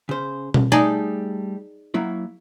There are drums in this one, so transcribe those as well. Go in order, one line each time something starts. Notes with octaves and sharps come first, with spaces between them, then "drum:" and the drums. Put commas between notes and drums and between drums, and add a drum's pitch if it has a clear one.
C#3 C5
drum: tom B2
G3 A3 D#4 G#4 D5 A5
F#3 A#3 E4